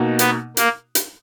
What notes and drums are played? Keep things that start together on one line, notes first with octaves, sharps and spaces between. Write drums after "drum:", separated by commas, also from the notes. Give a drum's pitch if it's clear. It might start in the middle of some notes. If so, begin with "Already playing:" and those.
Already playing: B2 A#3 D#4 F#4
B3, drum: hi-hat
A#3, drum: hi-hat
drum: hi-hat